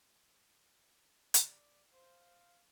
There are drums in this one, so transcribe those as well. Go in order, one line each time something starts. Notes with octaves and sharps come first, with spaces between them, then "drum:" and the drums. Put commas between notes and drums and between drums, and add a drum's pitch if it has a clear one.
D5, drum: hi-hat
C5 F5